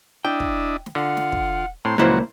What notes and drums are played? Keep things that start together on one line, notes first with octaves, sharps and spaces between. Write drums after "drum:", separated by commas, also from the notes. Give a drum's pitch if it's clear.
D4 E4 D#5 G5
drum: kick
drum: snare
D3 F4 F#5
drum: snare
drum: kick
A2 C4 A#5 C6
C#2 A#2 F3 F#3 A#3 E4 F#4 C5